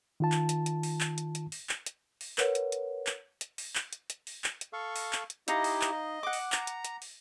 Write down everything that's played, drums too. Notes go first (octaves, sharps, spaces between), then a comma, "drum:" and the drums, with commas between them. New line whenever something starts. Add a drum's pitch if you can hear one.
D#3 F4 A5
drum: clap
drum: hi-hat
drum: hi-hat
drum: open hi-hat
drum: clap
drum: hi-hat
drum: hi-hat
drum: open hi-hat
drum: clap
drum: hi-hat
drum: open hi-hat
A#4 B4 C#5 F#5, drum: clap
drum: hi-hat
drum: hi-hat
drum: clap
drum: hi-hat
drum: open hi-hat
drum: clap
drum: hi-hat
drum: hi-hat
drum: open hi-hat
drum: clap
drum: hi-hat
A4 F5 C#6
drum: open hi-hat
drum: clap
drum: hi-hat
D#4 E4 G4 D#5 F5 A#5, drum: hi-hat
drum: open hi-hat
drum: clap
D#5
F#5 D6
drum: open hi-hat
A#5, drum: clap
drum: hi-hat
drum: hi-hat
drum: open hi-hat